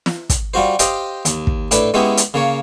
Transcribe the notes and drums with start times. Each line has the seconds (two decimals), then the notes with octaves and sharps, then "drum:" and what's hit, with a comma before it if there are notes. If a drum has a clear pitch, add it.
0.06 drum: snare
0.30 drum: kick, hi-hat
0.54 G3 F4 F#4 C5
0.79 G4 C5 D#5 F5 G5, drum: hi-hat
1.25 D#2, drum: hi-hat
1.47 drum: kick
1.71 A2 D4 B4, drum: hi-hat
1.94 G#3 B3 C#4 E4 G4
2.17 drum: hi-hat
2.34 C#3 A#3 C#5